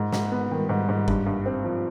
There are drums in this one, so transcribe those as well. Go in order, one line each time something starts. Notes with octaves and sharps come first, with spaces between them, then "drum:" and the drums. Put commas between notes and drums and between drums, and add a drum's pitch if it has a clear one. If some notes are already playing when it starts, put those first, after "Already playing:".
Already playing: G#2 G#3
G#2, drum: snare
B3
D#3 G3
G#2
G#2
G2, drum: kick F#1
G2
C4
F3